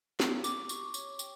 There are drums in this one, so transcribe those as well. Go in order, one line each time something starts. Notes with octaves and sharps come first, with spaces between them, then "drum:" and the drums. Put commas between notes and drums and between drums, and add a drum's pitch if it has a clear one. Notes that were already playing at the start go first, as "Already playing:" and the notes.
G4, drum: snare
G4 D6, drum: tambourine
G4 C#6, drum: tambourine
C#5, drum: tambourine
G5, drum: tambourine